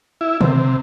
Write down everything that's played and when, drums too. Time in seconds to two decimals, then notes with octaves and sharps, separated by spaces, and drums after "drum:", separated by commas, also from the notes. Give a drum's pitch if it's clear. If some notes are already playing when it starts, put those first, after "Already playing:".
0.21 E4
0.41 C3, drum: tom C#3